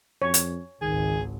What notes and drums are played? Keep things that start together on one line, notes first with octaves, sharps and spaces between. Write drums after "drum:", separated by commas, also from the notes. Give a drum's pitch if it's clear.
F2 C#5
drum: hi-hat
G#1 C#2 D#3 G#4